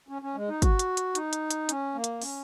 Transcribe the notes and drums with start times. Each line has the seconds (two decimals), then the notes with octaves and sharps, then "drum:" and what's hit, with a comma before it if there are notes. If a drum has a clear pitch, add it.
0.09 C#4
0.22 C#4
0.35 G#3
0.49 D#4
0.62 F#4, drum: kick, hi-hat
0.79 drum: hi-hat
0.97 drum: hi-hat
1.15 D#4, drum: hi-hat
1.33 drum: hi-hat
1.51 drum: hi-hat
1.69 C#4, drum: hi-hat
1.95 A#3
2.04 drum: hi-hat
2.22 C#4, drum: open hi-hat